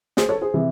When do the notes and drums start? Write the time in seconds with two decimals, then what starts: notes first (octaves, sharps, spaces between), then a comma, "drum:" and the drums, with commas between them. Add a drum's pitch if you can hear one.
0.17 G#4 C5, drum: snare
0.29 A4 C#5
0.41 G#4 C5
0.54 C3 E3